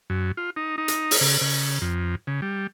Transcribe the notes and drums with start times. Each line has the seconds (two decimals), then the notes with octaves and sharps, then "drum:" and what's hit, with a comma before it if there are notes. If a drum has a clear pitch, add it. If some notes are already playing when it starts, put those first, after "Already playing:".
0.10 F#2
0.37 F4
0.56 D#4
0.78 D#4
0.88 drum: hi-hat
1.11 drum: open hi-hat
1.21 C#3
1.41 C#3
1.81 F2
2.27 C#3
2.42 G3